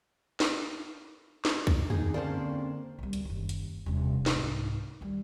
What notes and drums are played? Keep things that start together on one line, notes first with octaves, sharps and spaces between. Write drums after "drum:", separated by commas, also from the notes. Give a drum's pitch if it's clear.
drum: snare
drum: snare
drum: kick
D#3 A#3 D#4 G#4, drum: tom E2
D3 A#3 C4 C#4 C5 D5 A5
B1 G3
D2, drum: hi-hat
F#1 D#2
drum: hi-hat
D#1 C3
C2 G#2, drum: snare
D#3 G3